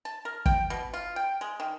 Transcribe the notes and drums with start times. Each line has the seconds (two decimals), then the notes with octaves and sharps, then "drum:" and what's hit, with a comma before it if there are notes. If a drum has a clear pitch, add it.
0.05 A5
0.25 A#4
0.46 G5, drum: kick
0.70 B2
0.93 F4
1.16 G5
1.41 G#3
1.60 D#3